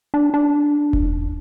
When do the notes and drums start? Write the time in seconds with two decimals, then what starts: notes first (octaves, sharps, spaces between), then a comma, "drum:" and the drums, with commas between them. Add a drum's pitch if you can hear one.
0.14 D4
0.34 D4
0.93 drum: kick E1